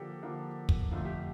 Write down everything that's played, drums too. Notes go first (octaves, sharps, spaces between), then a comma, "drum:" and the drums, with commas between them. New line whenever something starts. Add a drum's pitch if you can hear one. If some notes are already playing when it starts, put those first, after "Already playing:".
Already playing: D3 F3 A#3 D4 G4 A4
D3 F3 A#3 D4
drum: kick
F2 D3 A3 F4
G4